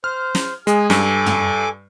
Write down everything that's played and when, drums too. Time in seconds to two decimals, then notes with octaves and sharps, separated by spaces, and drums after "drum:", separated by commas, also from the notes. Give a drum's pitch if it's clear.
0.04 C5 F6
0.35 drum: snare
0.67 G#3 G#4 G#5, drum: hi-hat
0.90 G2 A4 G#5 D6, drum: snare
1.26 drum: tom